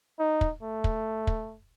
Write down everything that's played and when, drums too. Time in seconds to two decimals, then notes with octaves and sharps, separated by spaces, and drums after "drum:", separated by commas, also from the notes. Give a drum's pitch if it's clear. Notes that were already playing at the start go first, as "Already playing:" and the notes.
0.19 D#4
0.41 drum: kick
0.62 A3
0.84 drum: kick
1.27 drum: kick